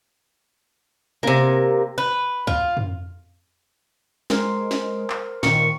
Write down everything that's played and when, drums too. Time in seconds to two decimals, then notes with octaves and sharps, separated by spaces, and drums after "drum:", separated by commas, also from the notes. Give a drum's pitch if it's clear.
1.23 C3 A#3, drum: tom
1.98 B4
2.47 F4, drum: kick
2.77 drum: tom
4.30 G#3 A#4 C5, drum: snare
4.71 drum: snare
5.10 drum: clap
5.43 A#2 D#3 C#6, drum: snare